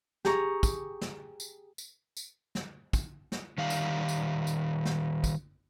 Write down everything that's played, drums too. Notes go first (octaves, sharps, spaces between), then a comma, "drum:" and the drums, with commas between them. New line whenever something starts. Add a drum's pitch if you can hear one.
G4 G#4 A#5 C#6, drum: snare
drum: kick, tambourine
drum: snare
drum: tambourine
drum: tambourine
drum: tambourine
drum: snare
drum: kick, tambourine
drum: snare
D#3 G3 F5
drum: tambourine
drum: tambourine
drum: tambourine
drum: snare
drum: kick, tambourine